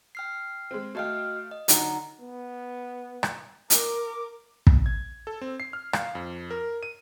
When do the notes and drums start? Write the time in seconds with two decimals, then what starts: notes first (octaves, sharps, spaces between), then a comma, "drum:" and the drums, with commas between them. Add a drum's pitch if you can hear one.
0.15 G5 F6 C7
0.71 G#3 C4
0.95 A3 F#4 D#5 F5 G5 F6
1.51 D#5
1.68 D3 F#3 D#4 F#5 A#5, drum: hi-hat
2.21 B3
3.23 drum: rim click
3.70 A#4 D6, drum: hi-hat
4.67 drum: kick
4.86 G#6
5.27 A4
5.41 C4
5.60 C7
5.73 F6
5.93 F5, drum: rim click
6.15 F2
6.50 A#4
6.83 D#7